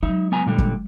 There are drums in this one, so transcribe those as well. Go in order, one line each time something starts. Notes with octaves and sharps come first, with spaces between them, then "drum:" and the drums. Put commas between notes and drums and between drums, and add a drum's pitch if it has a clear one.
F#3 G#3 D#4 E5
B3 G#5 A#5
A#2 D3 G3
drum: kick